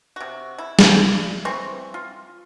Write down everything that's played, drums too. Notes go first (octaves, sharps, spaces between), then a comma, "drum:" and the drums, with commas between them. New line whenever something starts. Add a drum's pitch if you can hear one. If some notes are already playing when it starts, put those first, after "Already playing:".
C3 F#4
E4
drum: snare
E3 C4 C#6
F4